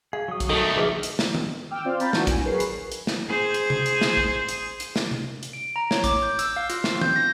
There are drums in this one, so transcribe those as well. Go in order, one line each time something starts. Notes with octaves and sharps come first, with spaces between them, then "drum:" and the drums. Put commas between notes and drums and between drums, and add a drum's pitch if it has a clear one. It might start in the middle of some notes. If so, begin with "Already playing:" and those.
G#4 F5
F#3 D#6
drum: kick, hi-hat
D#3 A3 A4
F3 F#3 G#4 B4 D5 E5
drum: hi-hat
drum: snare
drum: tom D#3
G5 D6 E6 F6
C4 F4 C5 D5 F5
A#5 B5 G6 A6, drum: hi-hat
D#3 E3 D4 F#4, drum: snare
G#5 A#6, drum: kick, hi-hat
F#3 G#4 A#4 B4 C#5 C7
drum: hi-hat
drum: hi-hat
drum: snare
G#4 C5
drum: hi-hat
drum: tom C3
drum: hi-hat
drum: snare
drum: kick
drum: hi-hat
drum: hi-hat
drum: snare
drum: tom C3
drum: hi-hat
D7
A#5
C#5, drum: snare
D6, drum: kick, hi-hat
G6
E6, drum: hi-hat
F5
F4, drum: hi-hat
C4, drum: snare
G6, drum: tom D#3
A#6